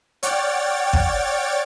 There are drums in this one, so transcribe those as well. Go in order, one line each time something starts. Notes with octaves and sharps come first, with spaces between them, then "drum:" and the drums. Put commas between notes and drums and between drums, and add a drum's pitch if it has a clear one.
C#5 D5 F#5 G5 F6 A6, drum: hi-hat
drum: kick